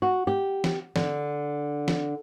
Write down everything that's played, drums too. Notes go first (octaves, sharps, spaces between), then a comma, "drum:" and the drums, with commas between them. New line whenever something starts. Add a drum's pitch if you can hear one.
F#4
G4
drum: snare
D3, drum: snare
drum: snare